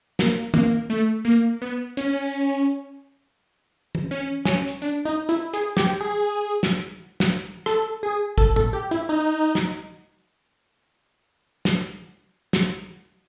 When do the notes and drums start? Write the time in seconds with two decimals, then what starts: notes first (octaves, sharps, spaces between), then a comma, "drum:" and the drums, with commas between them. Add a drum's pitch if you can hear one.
0.19 A#3, drum: snare
0.54 A#3, drum: tom
0.90 A3
1.25 A#3
1.62 B3
1.97 C#4, drum: hi-hat
3.95 drum: tom
4.11 C#4
4.45 C#4, drum: snare
4.68 drum: hi-hat
4.82 D4
5.05 D#4
5.29 E4, drum: hi-hat
5.54 G#4, drum: hi-hat
5.77 G4, drum: snare
6.01 G#4
6.63 drum: snare
7.20 drum: snare
7.66 A4, drum: rim click
8.03 G#4
8.38 A4, drum: kick
8.56 A4, drum: tom A2
8.73 G4
8.91 E4, drum: hi-hat
9.09 D#4
9.55 drum: snare
11.65 drum: snare
12.53 drum: snare